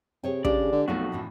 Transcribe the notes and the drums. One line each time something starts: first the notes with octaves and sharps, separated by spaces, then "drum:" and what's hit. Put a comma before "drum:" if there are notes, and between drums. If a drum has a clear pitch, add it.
C3 G#4 C#5 G5
C#3 G#3 D4 G4 D5, drum: kick
D3
B1 F2 A3 B3 F4 F#4
A2 D3 E3